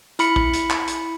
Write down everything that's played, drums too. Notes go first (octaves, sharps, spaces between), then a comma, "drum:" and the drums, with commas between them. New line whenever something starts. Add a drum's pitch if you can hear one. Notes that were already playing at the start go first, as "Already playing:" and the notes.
E4 B5 C#7, drum: hi-hat
drum: kick A#1
drum: hi-hat
drum: clap
drum: hi-hat